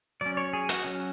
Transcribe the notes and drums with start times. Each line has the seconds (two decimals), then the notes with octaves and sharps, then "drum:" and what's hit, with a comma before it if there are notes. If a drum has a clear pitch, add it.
0.21 F#3 C#4 D5
0.37 C#5
0.53 G#4
0.69 F#4, drum: hi-hat
0.84 F#3 C#4